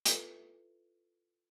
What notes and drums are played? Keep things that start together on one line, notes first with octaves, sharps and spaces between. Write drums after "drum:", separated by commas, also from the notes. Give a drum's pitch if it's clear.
E4 F4 A4 B4 E5 A#5, drum: hi-hat